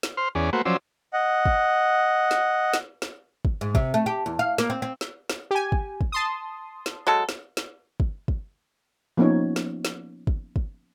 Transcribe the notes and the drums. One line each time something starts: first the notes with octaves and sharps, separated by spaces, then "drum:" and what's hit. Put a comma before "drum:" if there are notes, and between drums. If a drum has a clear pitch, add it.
drum: snare
C5 C6 F6
E2 C#4 G#4 D5
A3 A#3 F#4 B4 C5
F3 F#3 C#4 C5 D5 E6
D#5 F#5
drum: kick
drum: snare
drum: snare
drum: snare
drum: kick
G#2
C3, drum: kick
A3
G4
E2
F5
A#3, drum: snare
C4
C4
drum: snare
drum: snare
G4 G#5
drum: kick
drum: kick
A5 C6 D#6
drum: snare
F#3 G#3 A4
drum: snare
drum: snare
drum: kick
drum: kick
F3 A#3 B3 C#4 D#4 C#5
drum: snare
drum: snare
drum: kick
drum: kick